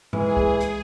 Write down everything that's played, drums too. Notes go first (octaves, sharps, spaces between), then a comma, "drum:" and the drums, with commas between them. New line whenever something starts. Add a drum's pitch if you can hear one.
E3 G#3 G#4, drum: tom G#2
drum: kick C2
drum: hi-hat